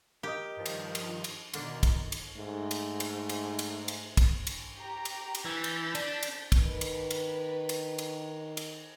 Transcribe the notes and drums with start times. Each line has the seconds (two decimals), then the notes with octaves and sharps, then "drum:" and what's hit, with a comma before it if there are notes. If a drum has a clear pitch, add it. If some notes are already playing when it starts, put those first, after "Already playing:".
0.23 G4 A#4 D#5
0.56 G2 D#3 F3
0.66 drum: cymbal
0.95 drum: cymbal
1.24 drum: cymbal
1.54 B2 D3 D#3 A#3 D4, drum: cymbal
1.83 drum: kick, cymbal
2.12 drum: cymbal
2.36 G#2 A3
2.71 drum: cymbal
3.00 drum: cymbal
3.29 drum: cymbal
3.59 drum: cymbal
3.88 drum: cymbal
4.17 drum: kick, cymbal
4.47 drum: cymbal
4.79 G4 A#5
5.05 drum: cymbal
5.35 drum: cymbal
5.45 E3 G6 A6 B6
5.64 drum: cymbal
5.95 D4, drum: cymbal
6.23 drum: cymbal
6.52 drum: kick, cymbal
6.62 D#3 B4
6.81 drum: cymbal
7.11 drum: cymbal
7.69 drum: cymbal
7.98 drum: cymbal
8.57 drum: cymbal